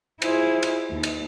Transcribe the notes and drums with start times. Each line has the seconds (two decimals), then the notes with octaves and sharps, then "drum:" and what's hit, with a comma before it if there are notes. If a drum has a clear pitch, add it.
0.22 E4 F4 G#4 C5, drum: cymbal
0.63 drum: cymbal
0.91 D#2
1.03 drum: cymbal